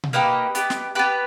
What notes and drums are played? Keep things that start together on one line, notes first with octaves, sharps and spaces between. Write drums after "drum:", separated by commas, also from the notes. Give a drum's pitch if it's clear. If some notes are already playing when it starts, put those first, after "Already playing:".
drum: tom B2
A#3 D#4 G4 B4 D#5
B3 G4, drum: hi-hat
drum: snare
B3 G4 B4